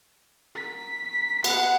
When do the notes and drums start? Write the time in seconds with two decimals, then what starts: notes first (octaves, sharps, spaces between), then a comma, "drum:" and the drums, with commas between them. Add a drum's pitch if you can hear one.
0.55 A#4 B6
1.44 B3 A4 F#5, drum: cymbal